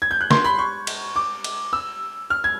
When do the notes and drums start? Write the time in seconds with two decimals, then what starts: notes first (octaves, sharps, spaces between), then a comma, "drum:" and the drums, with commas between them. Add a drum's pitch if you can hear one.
0.02 G#6
0.11 G6
0.21 F#6
0.31 C6, drum: snare
0.44 B5
0.59 C#6
0.87 drum: cymbal
1.16 D6
1.44 drum: cymbal
1.73 E6
2.30 F6
2.44 G#6